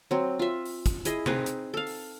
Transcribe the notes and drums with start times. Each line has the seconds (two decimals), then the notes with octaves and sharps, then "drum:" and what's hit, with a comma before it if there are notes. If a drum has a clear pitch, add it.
0.11 F#3 C4
0.39 F4 E5
0.65 drum: open hi-hat
0.86 drum: kick, hi-hat
1.05 E4 G#4 D#5, drum: hi-hat
1.26 C4 D#4 G#4 B4, drum: tom C3
1.46 drum: hi-hat
1.74 A4 F5
1.87 drum: open hi-hat